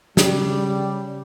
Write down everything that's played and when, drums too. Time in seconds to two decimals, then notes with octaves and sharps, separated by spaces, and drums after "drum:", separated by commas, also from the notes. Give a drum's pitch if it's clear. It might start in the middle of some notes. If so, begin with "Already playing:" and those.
0.17 C#3 G3, drum: snare